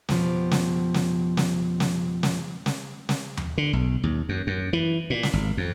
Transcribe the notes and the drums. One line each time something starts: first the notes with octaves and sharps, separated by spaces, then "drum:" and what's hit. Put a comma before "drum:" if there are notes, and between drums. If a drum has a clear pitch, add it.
F2 B2 F3 G4, drum: snare
drum: snare
drum: snare
drum: snare
drum: snare
drum: snare
drum: snare
drum: snare
drum: tom D#2
D3
B1
D#2
F#2
F#2
E3
A#2
drum: snare
G#1
F2